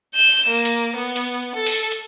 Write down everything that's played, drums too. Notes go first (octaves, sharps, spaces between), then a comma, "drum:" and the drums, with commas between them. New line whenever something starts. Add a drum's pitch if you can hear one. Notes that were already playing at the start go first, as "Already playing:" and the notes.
G6 E7
A#3
drum: hi-hat
B3
drum: hi-hat
A4
drum: open hi-hat
drum: hi-hat